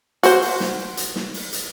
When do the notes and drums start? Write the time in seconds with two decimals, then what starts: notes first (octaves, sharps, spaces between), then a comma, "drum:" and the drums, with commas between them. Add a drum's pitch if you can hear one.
0.23 F#4 C5, drum: hi-hat
0.42 drum: open hi-hat
0.60 drum: snare
0.97 drum: hi-hat
1.16 drum: snare
1.34 drum: open hi-hat
1.53 drum: hi-hat